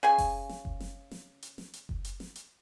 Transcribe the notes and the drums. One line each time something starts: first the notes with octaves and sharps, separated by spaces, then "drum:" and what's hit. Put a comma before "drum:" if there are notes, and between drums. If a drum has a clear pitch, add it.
C#3 G#4 G#5
drum: kick F#1, open hi-hat
drum: snare
drum: kick F#1
drum: snare
drum: snare
drum: hi-hat
drum: snare
drum: hi-hat
drum: kick F#1
drum: hi-hat
drum: snare
drum: hi-hat